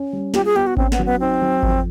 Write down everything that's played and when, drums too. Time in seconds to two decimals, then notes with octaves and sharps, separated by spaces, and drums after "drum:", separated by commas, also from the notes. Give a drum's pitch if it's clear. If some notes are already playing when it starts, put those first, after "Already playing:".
Already playing: C#4
0.13 G3
0.34 F4 G4, drum: snare
0.45 G#4
0.56 B3 G4
0.67 F#4
0.77 C4 C#4, drum: kick G#1
0.92 B3, drum: snare
0.99 F#3
1.05 B3
1.20 C4 D#4
1.42 F#3
1.63 F2, drum: kick G#1